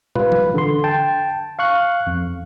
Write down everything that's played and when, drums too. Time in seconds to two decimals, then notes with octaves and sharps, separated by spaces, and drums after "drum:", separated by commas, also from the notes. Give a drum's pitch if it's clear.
0.16 G3 F4 B4, drum: tom
0.32 drum: tom E3
0.54 D3 C6
0.84 G5 A5
1.59 F5 C#6 F#6
2.07 F2